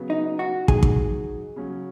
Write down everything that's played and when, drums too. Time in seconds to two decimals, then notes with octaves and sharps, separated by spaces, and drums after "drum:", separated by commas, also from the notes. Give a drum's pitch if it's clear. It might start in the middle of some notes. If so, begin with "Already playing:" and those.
Already playing: C#3 F#3 B3
0.10 D#4
0.39 F#4
0.68 F#3 D#4 F#4 G#4, drum: kick
0.83 drum: kick
1.56 C#3 F#3 C#4